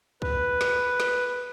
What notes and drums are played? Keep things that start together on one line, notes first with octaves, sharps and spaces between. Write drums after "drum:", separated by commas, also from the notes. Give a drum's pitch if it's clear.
B4, drum: kick
drum: snare
drum: snare